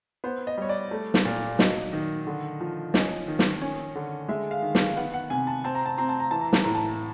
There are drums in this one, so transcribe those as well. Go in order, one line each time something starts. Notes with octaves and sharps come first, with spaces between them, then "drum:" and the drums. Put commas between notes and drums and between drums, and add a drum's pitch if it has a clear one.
B3 C5
D#5
G3 C#5
D5
A3
drum: snare
A#2
F#3 D#5, drum: snare
D#3
D3
F3
C#4 D#5, drum: snare
D#3
drum: snare
C#4
D3
G#3 E5
F5
D#3
F5, drum: snare
B3 F#5
F#5
C3 G#5
A5
C4 A5
A#5
A5
C4 A#5
A5
A#5
E3 A5
A#5
A5, drum: snare
A2 A#5
A5